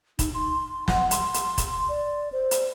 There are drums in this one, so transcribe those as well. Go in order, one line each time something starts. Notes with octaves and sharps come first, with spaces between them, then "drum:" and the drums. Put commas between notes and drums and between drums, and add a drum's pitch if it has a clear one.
D#4, drum: kick, hi-hat
C6
F#5, drum: snare
C6, drum: hi-hat
drum: hi-hat
drum: kick, hi-hat
D5
C5
drum: hi-hat